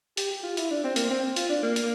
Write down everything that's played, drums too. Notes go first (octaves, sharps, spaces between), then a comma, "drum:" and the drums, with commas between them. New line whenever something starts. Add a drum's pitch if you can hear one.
G4, drum: hi-hat
G4
F4
E4, drum: hi-hat
D4
C4
A#3, drum: hi-hat
C4
F4, drum: hi-hat
D4
A#3
drum: hi-hat